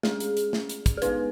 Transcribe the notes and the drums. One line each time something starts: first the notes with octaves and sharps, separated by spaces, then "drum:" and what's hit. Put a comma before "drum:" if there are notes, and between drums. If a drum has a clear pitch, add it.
G#3 C#4 G#4, drum: snare
drum: hi-hat
drum: hi-hat
drum: snare
drum: hi-hat
drum: kick, hi-hat
G#4
G#3 B3 D#4 B4, drum: hi-hat